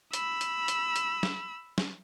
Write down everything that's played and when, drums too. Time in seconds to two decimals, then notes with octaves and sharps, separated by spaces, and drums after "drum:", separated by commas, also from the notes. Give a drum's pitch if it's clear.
0.13 B5 E6, drum: hi-hat
0.41 drum: hi-hat
0.68 drum: hi-hat
0.96 drum: hi-hat
1.23 drum: snare
1.78 drum: snare